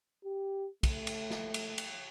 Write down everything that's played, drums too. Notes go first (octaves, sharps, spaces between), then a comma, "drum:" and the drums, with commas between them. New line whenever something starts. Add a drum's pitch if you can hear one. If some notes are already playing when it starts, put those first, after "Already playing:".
G4
A3, drum: kick, cymbal
drum: cymbal
drum: snare
drum: cymbal
drum: cymbal